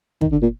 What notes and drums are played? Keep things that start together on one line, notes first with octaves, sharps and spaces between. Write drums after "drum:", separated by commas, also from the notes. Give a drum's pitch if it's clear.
D#3, drum: kick
D3
A#2